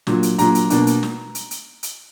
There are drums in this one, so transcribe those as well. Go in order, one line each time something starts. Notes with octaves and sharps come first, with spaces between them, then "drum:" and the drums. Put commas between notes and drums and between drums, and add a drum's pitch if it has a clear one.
A#2 F#3 D4, drum: snare
drum: hi-hat
A#2 F#3 D4 A#5, drum: hi-hat
drum: hi-hat
B2 A#3 D4, drum: hi-hat
drum: hi-hat
drum: snare
drum: hi-hat
drum: hi-hat
drum: hi-hat